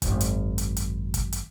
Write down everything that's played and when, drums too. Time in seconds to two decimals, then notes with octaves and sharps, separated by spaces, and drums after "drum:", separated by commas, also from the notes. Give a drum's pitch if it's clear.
0.02 G#1 F#2, drum: kick, hi-hat
0.21 drum: hi-hat
0.58 drum: hi-hat
0.77 drum: hi-hat
1.14 drum: kick, hi-hat
1.33 drum: hi-hat